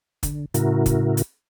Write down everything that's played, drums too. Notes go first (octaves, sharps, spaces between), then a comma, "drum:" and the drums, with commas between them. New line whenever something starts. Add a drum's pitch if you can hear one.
D3, drum: kick, hi-hat
A2 C#3 E4 F#4 A#4, drum: hi-hat
drum: kick, hi-hat
drum: hi-hat